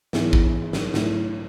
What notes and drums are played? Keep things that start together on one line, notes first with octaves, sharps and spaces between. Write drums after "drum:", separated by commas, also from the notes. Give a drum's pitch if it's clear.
G#2 E3 B3 E4 G#4, drum: snare
drum: kick
drum: snare
G#2 F#3 A3 E4, drum: snare